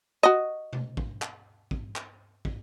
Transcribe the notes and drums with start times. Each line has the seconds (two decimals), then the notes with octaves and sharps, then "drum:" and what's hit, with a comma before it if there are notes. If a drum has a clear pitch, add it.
0.23 F#4 D#5
0.73 drum: tom B2
0.97 drum: kick
1.22 drum: clap
1.71 drum: kick
1.96 drum: clap
2.45 drum: kick